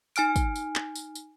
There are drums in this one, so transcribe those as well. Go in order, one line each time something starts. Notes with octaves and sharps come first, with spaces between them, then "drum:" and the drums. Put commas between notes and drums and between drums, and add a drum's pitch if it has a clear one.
D#4 G#5 F6 D7, drum: tambourine
drum: kick, tambourine
drum: tambourine
drum: clap
drum: tambourine
drum: tambourine